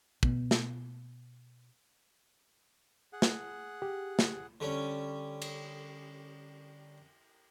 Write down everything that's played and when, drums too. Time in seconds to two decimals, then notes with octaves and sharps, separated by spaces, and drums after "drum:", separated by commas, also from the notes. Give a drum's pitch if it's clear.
0.23 B2 B3, drum: kick
0.51 drum: snare
3.13 G#4 F#5
3.22 drum: snare
3.82 G4
4.19 drum: snare
4.60 D3 G3 C#4
5.42 drum: cymbal